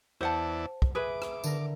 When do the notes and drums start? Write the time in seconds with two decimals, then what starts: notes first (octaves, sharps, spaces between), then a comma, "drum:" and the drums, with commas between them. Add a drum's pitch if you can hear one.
0.21 E2 E4 C5 D5 F#5 A5
0.82 drum: kick
0.95 G#4 B4 E5 B5 D6 D#6
1.22 drum: rim click
1.44 D3 A#4, drum: tambourine